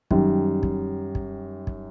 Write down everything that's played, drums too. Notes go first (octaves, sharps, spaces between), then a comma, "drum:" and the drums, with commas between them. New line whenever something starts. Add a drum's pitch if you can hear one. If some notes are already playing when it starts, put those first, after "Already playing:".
F#2 D#3 G3, drum: kick
drum: kick
drum: kick
drum: kick